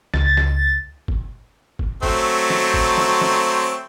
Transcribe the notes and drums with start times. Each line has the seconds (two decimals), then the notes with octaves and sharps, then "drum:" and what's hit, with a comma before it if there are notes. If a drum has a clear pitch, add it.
0.14 C#2 A6, drum: snare
0.37 drum: snare
1.08 drum: kick
1.79 drum: kick
2.03 F#3 A3 C4, drum: kick
2.50 drum: snare
2.74 drum: kick
2.98 drum: snare
3.21 drum: snare